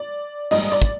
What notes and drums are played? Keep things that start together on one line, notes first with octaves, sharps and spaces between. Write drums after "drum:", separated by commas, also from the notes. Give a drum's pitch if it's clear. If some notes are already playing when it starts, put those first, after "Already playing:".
Already playing: D5
A#1 G#2 G3 D#5, drum: open hi-hat
D5
drum: kick, hi-hat